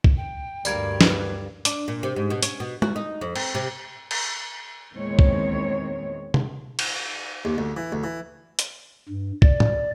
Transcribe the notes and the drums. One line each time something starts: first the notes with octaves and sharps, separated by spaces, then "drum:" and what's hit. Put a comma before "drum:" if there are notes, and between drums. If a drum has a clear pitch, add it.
drum: kick
G5
D2 G2 G3 A#3 D5 G#6, drum: tambourine
B4, drum: snare
D4, drum: hi-hat
A#2
C3
G#2
B2
C#4, drum: hi-hat
B2
F#4, drum: tom
D#4
F2
C4, drum: cymbal
C3
drum: cymbal
E2 A#2 D#3 G#3 C4 C#5
drum: kick
drum: tom
drum: cymbal
D#2
D2
E3
D2
E3
drum: hi-hat
G2
D5, drum: kick
drum: tom A2